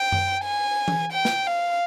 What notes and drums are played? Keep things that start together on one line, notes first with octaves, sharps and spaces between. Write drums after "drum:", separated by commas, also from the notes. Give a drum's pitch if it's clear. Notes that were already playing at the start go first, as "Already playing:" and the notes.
Already playing: G5
drum: tom F#2
G#5
drum: tom E3
G5
drum: snare
F5